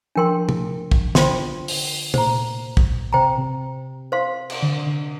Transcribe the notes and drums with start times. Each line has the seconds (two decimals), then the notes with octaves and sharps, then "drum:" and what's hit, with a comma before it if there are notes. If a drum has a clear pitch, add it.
0.15 F3 D4 A#4 G5 C6
0.49 drum: tom
0.91 drum: kick
1.15 D3 F4 C5 G5 C6, drum: snare
1.68 drum: open hi-hat
2.14 A#2 C5 A#5, drum: tom
2.77 drum: kick
3.13 C3 C5 G5 A#5
3.38 C3
4.12 C5 F5 C6
4.50 drum: cymbal
4.62 D3
4.86 D3